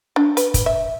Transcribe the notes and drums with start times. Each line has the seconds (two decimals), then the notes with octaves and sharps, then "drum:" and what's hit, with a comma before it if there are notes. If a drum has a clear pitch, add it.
0.16 D4
0.37 B4, drum: hi-hat
0.54 drum: kick, hi-hat
0.66 E5